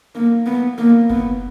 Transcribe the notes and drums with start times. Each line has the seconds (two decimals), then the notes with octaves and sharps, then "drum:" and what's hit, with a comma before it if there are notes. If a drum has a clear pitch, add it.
0.15 A#3
0.46 B3
0.78 A#3
1.10 B3, drum: kick F#1